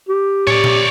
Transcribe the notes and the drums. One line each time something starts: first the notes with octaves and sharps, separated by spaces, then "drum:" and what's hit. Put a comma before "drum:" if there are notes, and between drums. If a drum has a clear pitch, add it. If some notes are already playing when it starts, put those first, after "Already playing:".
G4
C#5 D5, drum: tom
drum: tom A#2